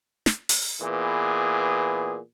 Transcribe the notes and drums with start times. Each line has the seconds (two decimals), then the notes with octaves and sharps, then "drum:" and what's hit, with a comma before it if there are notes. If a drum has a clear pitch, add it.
0.26 drum: snare
0.49 drum: open hi-hat
0.82 A#2 E3 B3 G#4